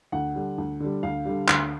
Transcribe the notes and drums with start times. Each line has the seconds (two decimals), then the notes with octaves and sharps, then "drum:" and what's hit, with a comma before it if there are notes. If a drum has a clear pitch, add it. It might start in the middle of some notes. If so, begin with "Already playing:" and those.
0.12 D2 F#5
0.35 D3 G3
0.58 D2
0.80 D3 G3
1.03 D2 F5
1.25 D3 G3
1.48 D2, drum: clap